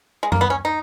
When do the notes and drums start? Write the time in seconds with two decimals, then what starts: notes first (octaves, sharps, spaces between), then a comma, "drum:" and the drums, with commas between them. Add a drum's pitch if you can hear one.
0.23 G#3
0.32 A#3, drum: tom F#2
0.41 B3
0.50 C#4
0.65 D#4